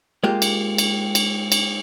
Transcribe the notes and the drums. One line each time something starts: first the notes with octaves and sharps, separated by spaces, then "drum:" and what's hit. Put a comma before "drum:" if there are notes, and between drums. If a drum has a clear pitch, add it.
G#3 A#3 F4 G4
drum: cymbal
drum: cymbal
drum: cymbal
drum: cymbal